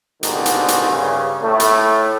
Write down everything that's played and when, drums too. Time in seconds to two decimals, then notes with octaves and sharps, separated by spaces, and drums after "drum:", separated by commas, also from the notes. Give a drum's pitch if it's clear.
0.23 C2 G#2 B2 D3 D#3, drum: hi-hat
0.46 drum: hi-hat
0.68 drum: hi-hat
0.90 G2 C#3
1.43 A2 A3
1.60 drum: hi-hat